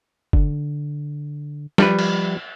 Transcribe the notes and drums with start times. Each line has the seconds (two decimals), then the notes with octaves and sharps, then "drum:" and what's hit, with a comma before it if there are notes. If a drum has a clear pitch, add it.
0.33 D3, drum: kick
1.78 F3 G3 B4, drum: snare
1.99 drum: cymbal